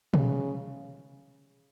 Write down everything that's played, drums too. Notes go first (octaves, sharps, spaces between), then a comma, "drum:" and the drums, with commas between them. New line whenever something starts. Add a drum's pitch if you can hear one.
C#3, drum: tom